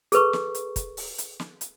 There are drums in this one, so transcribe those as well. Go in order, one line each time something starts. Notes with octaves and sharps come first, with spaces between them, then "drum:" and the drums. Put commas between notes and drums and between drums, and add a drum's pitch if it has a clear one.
G#4 A4 B4 C#6, drum: hi-hat
drum: snare
drum: hi-hat
drum: kick, hi-hat
drum: open hi-hat
drum: hi-hat
drum: snare
drum: hi-hat